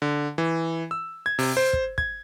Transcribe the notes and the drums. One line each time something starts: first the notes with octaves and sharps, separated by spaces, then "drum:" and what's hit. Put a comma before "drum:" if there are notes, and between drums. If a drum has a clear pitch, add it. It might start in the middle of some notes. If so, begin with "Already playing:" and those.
D3
E3
E6
G#6
C3, drum: open hi-hat
C5
drum: kick
G#6, drum: kick